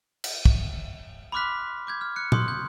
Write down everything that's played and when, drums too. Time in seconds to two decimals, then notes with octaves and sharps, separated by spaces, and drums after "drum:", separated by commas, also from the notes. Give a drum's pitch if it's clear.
0.24 drum: cymbal
0.46 drum: kick
1.32 B5 C6 D6 F6 F#6 B6
1.87 D6 G6 G#6
2.01 F6
2.16 F#6 C#7
2.32 C6 C#6 D#6 F#6 G6, drum: tom A#2
2.48 G6